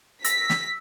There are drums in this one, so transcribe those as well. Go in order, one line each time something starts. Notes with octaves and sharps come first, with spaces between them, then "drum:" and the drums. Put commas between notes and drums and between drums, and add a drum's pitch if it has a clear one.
E6 A#6 B6, drum: hi-hat
drum: snare